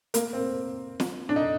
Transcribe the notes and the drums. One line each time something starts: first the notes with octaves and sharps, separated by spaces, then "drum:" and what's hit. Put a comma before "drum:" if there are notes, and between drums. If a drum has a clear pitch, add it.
A#3, drum: hi-hat
C4
drum: snare
D4
D#4